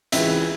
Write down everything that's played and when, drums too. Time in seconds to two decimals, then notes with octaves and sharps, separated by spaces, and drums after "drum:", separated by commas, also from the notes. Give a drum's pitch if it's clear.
0.12 C#2 C#3 E3 E5, drum: hi-hat